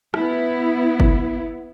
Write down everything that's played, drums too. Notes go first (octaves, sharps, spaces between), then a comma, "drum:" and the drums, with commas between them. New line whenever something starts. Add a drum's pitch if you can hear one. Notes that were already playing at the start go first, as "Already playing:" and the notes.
B3 E4, drum: rim click
drum: kick G1